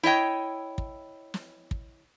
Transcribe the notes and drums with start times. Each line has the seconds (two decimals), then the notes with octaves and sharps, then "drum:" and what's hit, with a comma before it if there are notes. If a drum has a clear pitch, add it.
0.03 E4 C#5 D#5 G5
0.78 drum: kick
1.34 drum: snare
1.71 drum: kick